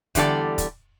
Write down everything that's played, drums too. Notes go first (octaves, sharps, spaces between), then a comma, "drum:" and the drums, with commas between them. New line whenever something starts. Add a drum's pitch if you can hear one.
E2 D3 G3 A4 D5, drum: kick, hi-hat
drum: kick, hi-hat